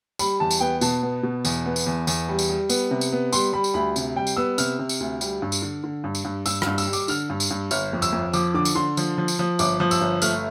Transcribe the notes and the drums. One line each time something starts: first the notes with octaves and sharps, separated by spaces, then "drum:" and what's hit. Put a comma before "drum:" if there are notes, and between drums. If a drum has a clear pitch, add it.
G3 B5, drum: tambourine
E2 A5
drum: tambourine
B3 G5
B2 A5, drum: tambourine
B3
B2
E2, drum: tambourine
B3
drum: tambourine
E2
E2, drum: tambourine
G3
drum: tambourine
G3
B3, drum: tambourine
C3
drum: tambourine
B3
G3 C6, drum: tambourine
G3 B5
drum: tambourine
D2 B5
C3, drum: tambourine
G3 G5
drum: tambourine
B3 E6
C3 F6, drum: tambourine
C3
drum: tambourine
D2
G3, drum: tambourine
G2
drum: tambourine
D3
D3
G2
drum: tambourine
G2
G2 E6, drum: tambourine
G2 F6, drum: rim click
E6, drum: tambourine
G3
D6, drum: tambourine
D3 F6, drum: tambourine
G2
drum: tambourine
G2
G1 F6, drum: tambourine
F2
E6, drum: tambourine
F2
F3 D6, drum: tambourine
D3 D6
drum: tambourine
D3 C6
F3, drum: tambourine
F3
drum: tambourine
F3
G1 D6, drum: tambourine
F3
E6, drum: tambourine
G1
A3 F6, drum: tambourine